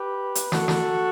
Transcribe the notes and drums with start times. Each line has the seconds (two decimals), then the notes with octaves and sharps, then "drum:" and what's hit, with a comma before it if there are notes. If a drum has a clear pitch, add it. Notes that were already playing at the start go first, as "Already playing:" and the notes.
Already playing: G4 B4
0.35 drum: hi-hat
0.52 F#4 A4, drum: snare
0.68 drum: snare